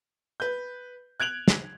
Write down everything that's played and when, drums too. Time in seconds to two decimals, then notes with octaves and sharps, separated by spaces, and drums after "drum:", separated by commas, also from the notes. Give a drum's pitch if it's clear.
0.40 B4 G6
1.20 F#6 G#6 D7 F7 F#7
1.48 drum: snare